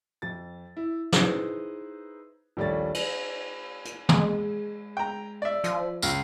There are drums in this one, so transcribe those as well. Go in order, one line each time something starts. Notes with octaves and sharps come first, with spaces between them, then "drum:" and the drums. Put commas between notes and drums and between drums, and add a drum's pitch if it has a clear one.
F2 A6
E4
D#4 E4 G#4 B4 C5, drum: snare
A#1 D#2 G3 A3 C#5 A6
drum: cymbal
drum: hi-hat
G#3, drum: tom
G5 A#5
D5 E5
F3, drum: hi-hat
C#2, drum: tambourine